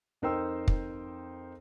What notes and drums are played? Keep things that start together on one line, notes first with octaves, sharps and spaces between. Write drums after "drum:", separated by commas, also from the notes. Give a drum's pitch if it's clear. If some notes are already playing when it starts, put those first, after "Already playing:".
F2 D#4 A#4 C5 G5 E6
drum: kick